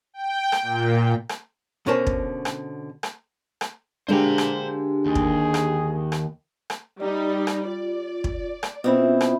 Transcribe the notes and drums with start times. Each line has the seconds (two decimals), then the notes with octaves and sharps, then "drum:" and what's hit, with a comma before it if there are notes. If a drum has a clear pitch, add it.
0.14 G5
0.52 drum: rim click
0.62 A#2
1.29 drum: rim click
1.86 B2 D3 C#4 A#4 C5 A5
2.07 drum: kick
2.45 drum: rim click
3.03 drum: rim click
3.61 drum: rim click
4.09 D3 G#3 A#3 D4 G4 C5 A#5
4.38 drum: rim click
5.06 D#2 G#4
5.15 drum: kick
5.54 drum: rim click
6.12 drum: rim click
6.70 drum: rim click
7.00 G3 D#4 D5
7.47 drum: rim click
7.65 F4 D5
8.24 drum: kick
8.63 drum: rim click
8.84 B2 C4 C#4 E4 F4 E5
9.21 drum: rim click